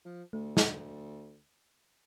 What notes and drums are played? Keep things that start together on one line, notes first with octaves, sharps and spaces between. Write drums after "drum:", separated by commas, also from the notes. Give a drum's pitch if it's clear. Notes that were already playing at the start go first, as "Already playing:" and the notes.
F3
D2 A3
drum: snare